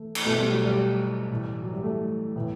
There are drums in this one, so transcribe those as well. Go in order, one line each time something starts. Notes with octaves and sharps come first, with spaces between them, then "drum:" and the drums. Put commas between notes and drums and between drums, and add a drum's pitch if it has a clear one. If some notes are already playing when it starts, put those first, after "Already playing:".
Already playing: E3 A3
drum: cymbal
B2 A3
G3
F#3
G3
A2 E3
F#3
G3
A3
A2 E3